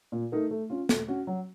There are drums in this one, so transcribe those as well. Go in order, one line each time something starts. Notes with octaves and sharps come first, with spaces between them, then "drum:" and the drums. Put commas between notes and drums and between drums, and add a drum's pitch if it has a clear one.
A#2
A3 D#4 A#4
A3
C#4 F4
A3, drum: snare
C#4 F#4
F#3